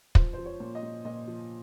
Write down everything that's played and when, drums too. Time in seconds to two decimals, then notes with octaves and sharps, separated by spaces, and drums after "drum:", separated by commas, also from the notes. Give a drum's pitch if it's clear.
0.15 F3 C5, drum: kick
0.33 F3 C5
0.45 C#5
0.60 A#2
0.75 D#5
0.83 A#2
1.05 A#2 D#5
1.27 F3